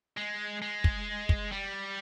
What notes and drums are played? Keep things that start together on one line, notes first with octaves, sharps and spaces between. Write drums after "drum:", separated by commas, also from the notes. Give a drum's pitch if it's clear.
G#3
G#3
drum: kick
drum: kick
G3